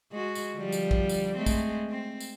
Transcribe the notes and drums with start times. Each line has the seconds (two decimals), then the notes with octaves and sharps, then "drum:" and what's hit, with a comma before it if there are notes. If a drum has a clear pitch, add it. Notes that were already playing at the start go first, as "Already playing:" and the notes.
0.12 G#3 F#4
0.35 drum: tambourine
0.54 D3 F3 G3
0.72 drum: tambourine
0.91 drum: kick
1.09 drum: tambourine
1.36 G#3 A3 C4
1.46 drum: kick, tambourine
1.90 C4
2.20 drum: tambourine